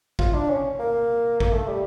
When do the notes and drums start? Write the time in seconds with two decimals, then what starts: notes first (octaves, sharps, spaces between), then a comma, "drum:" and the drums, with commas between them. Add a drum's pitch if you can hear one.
0.19 F4, drum: kick
0.34 D4
0.50 C#4
0.79 A#3
1.40 A#3, drum: kick
1.53 A3
1.67 G3